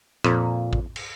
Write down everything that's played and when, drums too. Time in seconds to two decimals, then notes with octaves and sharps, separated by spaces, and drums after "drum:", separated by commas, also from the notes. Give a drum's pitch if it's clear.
0.24 F2 A#2, drum: rim click
0.73 drum: kick A1
0.96 drum: cymbal